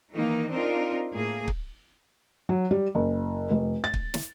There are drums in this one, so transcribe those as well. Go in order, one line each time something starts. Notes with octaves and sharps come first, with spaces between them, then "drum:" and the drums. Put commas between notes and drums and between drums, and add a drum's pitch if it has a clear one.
D#3 E3 A#3 D#4
C4 D4 D#4 F4 A#4
A2 A#3 G#4
drum: kick
F#3
G3
F#1
F1
A6
drum: kick
drum: snare